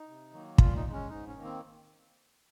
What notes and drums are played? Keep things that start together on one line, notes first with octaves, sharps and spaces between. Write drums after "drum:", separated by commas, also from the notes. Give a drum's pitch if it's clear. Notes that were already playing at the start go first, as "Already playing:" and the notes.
Already playing: D#4
C3
D#3 F#3 A#3
A#2 F4, drum: kick
D#4
G#3
C#4
G#2 D#4
C#4
D#3 A#3
C4